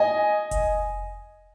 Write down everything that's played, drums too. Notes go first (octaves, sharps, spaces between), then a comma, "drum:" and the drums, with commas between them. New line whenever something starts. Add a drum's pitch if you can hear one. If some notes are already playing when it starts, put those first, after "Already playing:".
Already playing: D#5 G#5
drum: kick F1, hi-hat